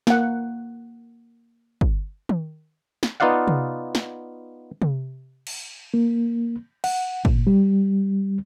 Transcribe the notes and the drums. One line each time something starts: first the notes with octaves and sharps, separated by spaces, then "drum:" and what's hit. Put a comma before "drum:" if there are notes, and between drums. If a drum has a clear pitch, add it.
A#3 F#5, drum: snare
drum: kick
drum: tom D#3
drum: snare
B3 D#4 F4 D5 F5 F#5
drum: tom C3
drum: snare
drum: tom C3
drum: cymbal
A#3
F#5, drum: cymbal
A#2, drum: kick
G3